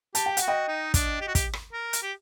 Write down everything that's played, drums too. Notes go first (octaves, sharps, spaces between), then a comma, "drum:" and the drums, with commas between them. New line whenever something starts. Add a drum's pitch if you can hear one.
G4 A5, drum: hi-hat
G5
F#5, drum: hi-hat
F#4
D#5 G5
D#4
D4, drum: kick, hi-hat
G4
F#4
G4, drum: kick, hi-hat
drum: rim click
A#4
drum: hi-hat
G4